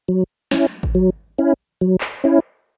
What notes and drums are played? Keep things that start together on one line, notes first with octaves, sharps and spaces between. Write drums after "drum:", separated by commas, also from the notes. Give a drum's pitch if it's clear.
F#3
C#4 E4, drum: snare
drum: kick G#1
F#3
C#4 E4
F#3
drum: clap
C#4 E4